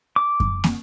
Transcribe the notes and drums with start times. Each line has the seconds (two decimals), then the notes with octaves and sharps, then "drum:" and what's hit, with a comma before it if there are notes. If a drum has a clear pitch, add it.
0.16 D6
0.40 drum: kick F#2
0.64 drum: snare